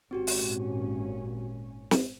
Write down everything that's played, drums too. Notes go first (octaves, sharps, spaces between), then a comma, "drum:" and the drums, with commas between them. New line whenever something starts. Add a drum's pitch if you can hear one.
G#1 A#2 C4 C#4 F#4 G4
drum: open hi-hat
drum: snare